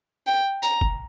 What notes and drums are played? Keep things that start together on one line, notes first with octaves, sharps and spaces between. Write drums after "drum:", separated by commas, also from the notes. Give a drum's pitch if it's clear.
G5
A#5, drum: tambourine
drum: kick F#1